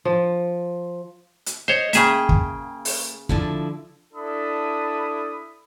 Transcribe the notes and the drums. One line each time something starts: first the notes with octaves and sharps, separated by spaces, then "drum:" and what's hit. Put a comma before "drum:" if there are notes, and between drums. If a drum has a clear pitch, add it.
F3
drum: hi-hat
C5 C#5 D#5
C#3 A#3 G#4 E5 G5, drum: hi-hat
drum: kick
drum: open hi-hat
D3 F3 E4, drum: kick
D4 E4 A4 B5 D#6